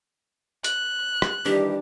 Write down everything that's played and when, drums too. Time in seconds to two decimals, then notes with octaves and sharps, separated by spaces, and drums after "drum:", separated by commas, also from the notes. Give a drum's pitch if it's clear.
0.64 F#6, drum: hi-hat
1.22 drum: rim click
1.46 D#3 E3 G3 D4 G4